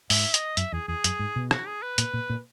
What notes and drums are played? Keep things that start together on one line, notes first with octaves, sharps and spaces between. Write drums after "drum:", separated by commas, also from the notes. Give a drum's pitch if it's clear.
G#2 E5, drum: open hi-hat
D#5, drum: hi-hat
F#2 E5, drum: hi-hat
E2 G#4
E2 G#4
F#2, drum: hi-hat
G#2
B2
F#4, drum: rim click
G#4
B4
A#2, drum: hi-hat
A#2
A#2